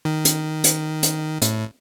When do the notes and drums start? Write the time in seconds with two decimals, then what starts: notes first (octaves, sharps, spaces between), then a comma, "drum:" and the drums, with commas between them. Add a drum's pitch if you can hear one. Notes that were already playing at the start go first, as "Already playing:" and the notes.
0.05 D#3
0.25 drum: hi-hat
0.64 drum: hi-hat
1.03 drum: hi-hat
1.42 A2, drum: hi-hat